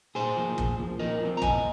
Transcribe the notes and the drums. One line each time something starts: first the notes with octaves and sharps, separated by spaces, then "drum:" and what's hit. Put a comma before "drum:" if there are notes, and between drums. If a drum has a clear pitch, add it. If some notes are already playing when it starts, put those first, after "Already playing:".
A#2 G#4 C5
F3 A#3
A#2, drum: kick
F3 A#3
A#2 A#4 D#5
F3 C4
A#5
A#2 D#5 G#5, drum: kick